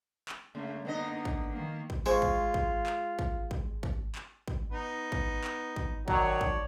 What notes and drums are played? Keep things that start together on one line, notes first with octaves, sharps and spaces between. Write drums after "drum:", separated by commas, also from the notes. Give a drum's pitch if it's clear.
drum: clap
C#3 A3 A#3
D3 A#3 B3 D#4 D#5
drum: kick
D#3 A#3
drum: kick
G#3 F4 C5 C#6
drum: kick
drum: kick
drum: clap
drum: kick
drum: kick
drum: kick
drum: clap
drum: kick
B3 D#4
drum: kick
drum: clap
drum: kick
D#3 F#3 C#5 D5 A5, drum: kick
drum: kick